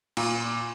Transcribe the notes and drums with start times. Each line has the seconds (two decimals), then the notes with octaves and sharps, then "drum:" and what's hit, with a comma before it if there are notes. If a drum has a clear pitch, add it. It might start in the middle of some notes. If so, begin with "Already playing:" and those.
0.17 A#2, drum: cymbal